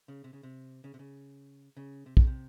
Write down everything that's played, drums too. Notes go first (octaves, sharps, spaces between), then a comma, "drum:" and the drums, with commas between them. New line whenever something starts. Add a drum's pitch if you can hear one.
C#3
C3
C#3
C3
C#3
C3
C#3
C#3
C3
C#3, drum: kick
C3